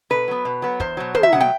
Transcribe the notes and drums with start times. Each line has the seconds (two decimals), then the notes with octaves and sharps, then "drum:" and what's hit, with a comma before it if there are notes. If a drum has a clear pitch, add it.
0.10 B2 B4
0.28 F#3 B3
0.45 B2
0.62 F#3 B3
0.80 E2 C5, drum: kick
0.97 B2 F#3
1.14 E2 C5, drum: tom
1.23 E5
1.32 B2 F#3 F#5
1.41 G5